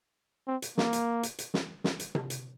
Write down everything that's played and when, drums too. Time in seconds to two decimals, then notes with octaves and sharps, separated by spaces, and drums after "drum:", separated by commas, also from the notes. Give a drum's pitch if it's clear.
0.47 C4
0.62 drum: hi-hat
0.78 A#3, drum: snare
0.93 drum: hi-hat
1.23 drum: hi-hat
1.39 drum: hi-hat
1.54 drum: snare
1.84 drum: snare
2.00 drum: hi-hat
2.15 drum: tom C3
2.30 drum: hi-hat